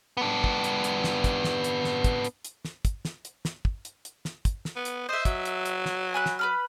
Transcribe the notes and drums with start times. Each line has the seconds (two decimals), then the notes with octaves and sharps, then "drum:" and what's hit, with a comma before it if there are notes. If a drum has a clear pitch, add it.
0.17 B3 D4
0.44 drum: kick
0.64 drum: hi-hat
0.84 drum: hi-hat
1.04 drum: snare
1.24 drum: kick, hi-hat
1.44 drum: snare
1.64 drum: hi-hat
1.84 drum: snare
2.04 drum: kick, hi-hat
2.24 drum: hi-hat
2.45 drum: hi-hat
2.65 drum: snare
2.85 drum: kick, hi-hat
3.05 drum: snare
3.25 drum: hi-hat
3.45 drum: snare
3.65 drum: kick
3.85 drum: hi-hat
4.05 drum: hi-hat
4.25 drum: snare
4.45 drum: kick, hi-hat
4.65 drum: snare
4.76 B3
4.85 drum: hi-hat
5.09 C5 D#5 E5
5.25 F#3, drum: kick, hi-hat
5.45 drum: hi-hat
5.65 drum: hi-hat
5.86 drum: snare
6.14 G#5 B5 F#6
6.26 drum: snare
6.39 B4 B5 F6